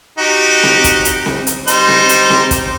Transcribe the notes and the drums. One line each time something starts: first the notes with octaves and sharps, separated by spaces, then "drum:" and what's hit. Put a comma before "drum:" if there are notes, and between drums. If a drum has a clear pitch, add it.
D#4 F#4 G4
drum: snare C4
drum: kick, hi-hat
drum: hi-hat
drum: snare C4
drum: hi-hat
G3 D#4 C5, drum: hi-hat
drum: snare C4
drum: hi-hat
drum: snare C4
drum: kick, hi-hat